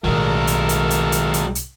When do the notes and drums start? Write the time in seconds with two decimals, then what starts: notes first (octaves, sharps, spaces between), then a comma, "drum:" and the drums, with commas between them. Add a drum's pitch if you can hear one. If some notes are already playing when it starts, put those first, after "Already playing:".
0.04 B1 A2 D#3 F#3 G#3 A4 A#4 F5
0.47 drum: hi-hat
0.69 drum: hi-hat
0.90 drum: hi-hat
1.12 drum: hi-hat
1.34 drum: hi-hat
1.55 drum: hi-hat